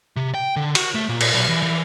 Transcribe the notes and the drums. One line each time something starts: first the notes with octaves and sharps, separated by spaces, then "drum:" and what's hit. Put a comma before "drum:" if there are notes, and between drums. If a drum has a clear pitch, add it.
C3
G5
D3
F#4, drum: cymbal
A3
A#2
drum: cymbal
B1
E3
E3